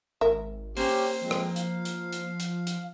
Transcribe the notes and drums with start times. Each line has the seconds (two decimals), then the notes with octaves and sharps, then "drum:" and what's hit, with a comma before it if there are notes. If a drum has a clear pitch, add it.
0.21 G#1 A#4 E5
0.77 A#3 C#4 G4 C5, drum: open hi-hat
1.22 F3 G#3 C4
1.31 drum: rim click
1.56 F5, drum: hi-hat
1.85 drum: hi-hat
2.13 drum: hi-hat
2.40 drum: hi-hat
2.67 drum: hi-hat